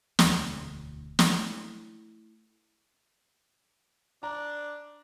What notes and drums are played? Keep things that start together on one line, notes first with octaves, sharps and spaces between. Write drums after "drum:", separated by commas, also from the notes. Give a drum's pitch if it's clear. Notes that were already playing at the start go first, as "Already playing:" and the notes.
E1 D2, drum: snare
A3 E4, drum: snare
D4 A#5